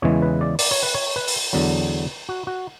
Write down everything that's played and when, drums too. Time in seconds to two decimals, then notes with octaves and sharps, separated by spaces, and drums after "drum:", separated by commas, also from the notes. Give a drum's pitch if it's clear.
0.02 E2 C#3 E3 G#3 C#5
0.22 B4
0.41 D5
0.59 D5, drum: open hi-hat
0.71 C#5
0.83 B4
0.94 C#5
1.16 B4
1.28 drum: open hi-hat
1.53 E2 D3 F#3
2.29 F#4
2.47 F#4